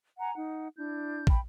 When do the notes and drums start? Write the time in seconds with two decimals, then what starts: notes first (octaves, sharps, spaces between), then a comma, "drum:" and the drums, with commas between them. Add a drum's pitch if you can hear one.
0.18 F#5 G#5 A#5
0.35 D#4 F#5
0.78 D4 E4 G6
1.27 G5 B5, drum: kick